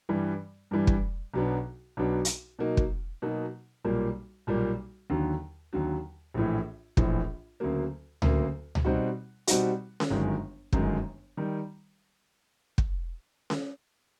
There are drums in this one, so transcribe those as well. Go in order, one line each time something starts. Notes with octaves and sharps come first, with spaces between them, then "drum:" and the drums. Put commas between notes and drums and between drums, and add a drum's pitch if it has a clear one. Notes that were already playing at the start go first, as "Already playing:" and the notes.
G2 E3 G3
G2 E3 G3
drum: kick
B1 B2 F#3 B3 D4
B1 B2 F#3 B3 D4
drum: hi-hat
B2 F#3 A#3 D#4
drum: kick
B2 F#3 A#3 D#4
B1 A#2 G3 A#3
B1 A#2 G3 A#3
D#2 D3 F#3
D#2 D3 F#3
A#1 A2 E3
A#1 A2 E3, drum: kick
D2 C#3 F#3 A#3
D2 C#3 F#3 A#3, drum: tom C#2
drum: tom C#2
B2 G3 C4 D#4 F#4
B2 G3 C4 D#4 F#4, drum: hi-hat
drum: snare C#4
G1 F#2 D#3 G#3
G1 F#2 D#3 G#3, drum: kick
D#3 G3
drum: kick
drum: snare C#4